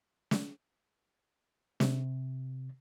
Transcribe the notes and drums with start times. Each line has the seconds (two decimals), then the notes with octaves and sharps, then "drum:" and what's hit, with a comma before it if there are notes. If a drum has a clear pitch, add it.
0.31 drum: snare
1.80 C3, drum: snare